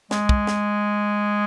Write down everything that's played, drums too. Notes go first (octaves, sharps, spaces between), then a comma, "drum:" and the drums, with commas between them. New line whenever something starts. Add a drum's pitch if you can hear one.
G#3, drum: snare
drum: kick
drum: snare